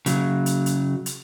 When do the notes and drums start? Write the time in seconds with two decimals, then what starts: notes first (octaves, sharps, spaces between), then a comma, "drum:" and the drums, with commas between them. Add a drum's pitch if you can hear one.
0.06 C#3 F#3, drum: hi-hat
0.46 drum: hi-hat
0.66 drum: hi-hat
1.06 drum: hi-hat